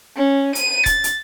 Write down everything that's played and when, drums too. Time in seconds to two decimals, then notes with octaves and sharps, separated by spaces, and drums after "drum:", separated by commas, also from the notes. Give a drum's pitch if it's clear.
0.16 C#4
0.55 D#7, drum: hi-hat
0.86 A6, drum: kick, hi-hat
1.04 drum: hi-hat